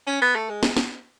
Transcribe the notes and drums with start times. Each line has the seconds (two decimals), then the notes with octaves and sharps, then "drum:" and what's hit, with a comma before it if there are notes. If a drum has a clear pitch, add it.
0.07 C#4
0.22 B3
0.35 A3
0.49 G#3
0.63 drum: snare
0.77 drum: snare